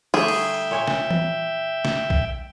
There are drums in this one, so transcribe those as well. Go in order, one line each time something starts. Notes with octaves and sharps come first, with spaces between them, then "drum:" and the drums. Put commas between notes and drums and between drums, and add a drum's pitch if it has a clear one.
D3 G3 A3 G#4 E5 G5, drum: open hi-hat
drum: cymbal
A#2 C#5 G#5
drum: snare
drum: tom E3
drum: snare
drum: kick A#1